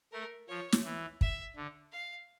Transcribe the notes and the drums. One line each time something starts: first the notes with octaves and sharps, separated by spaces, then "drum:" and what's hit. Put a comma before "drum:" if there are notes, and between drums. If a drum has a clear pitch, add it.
A3 A#4
F3 C#5
drum: snare
E3
E5, drum: kick
D3
F5